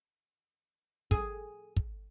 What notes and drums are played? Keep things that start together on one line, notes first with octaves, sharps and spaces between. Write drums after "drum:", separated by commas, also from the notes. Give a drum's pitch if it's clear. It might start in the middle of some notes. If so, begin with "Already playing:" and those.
G#4, drum: kick
drum: kick